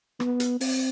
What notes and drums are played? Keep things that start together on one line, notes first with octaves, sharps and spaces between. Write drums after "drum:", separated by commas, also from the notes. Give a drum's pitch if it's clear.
B3, drum: rim click
drum: hi-hat
C4, drum: open hi-hat